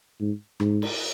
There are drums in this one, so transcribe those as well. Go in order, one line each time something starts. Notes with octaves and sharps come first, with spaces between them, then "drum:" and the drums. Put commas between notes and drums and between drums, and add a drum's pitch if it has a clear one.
G#2
G#2, drum: rim click
drum: cymbal